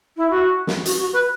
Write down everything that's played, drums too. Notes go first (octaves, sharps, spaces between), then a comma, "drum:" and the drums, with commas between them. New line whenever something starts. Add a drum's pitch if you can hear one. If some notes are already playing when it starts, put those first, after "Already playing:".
E4
F#4
drum: snare
F#4, drum: hi-hat
F#4
B4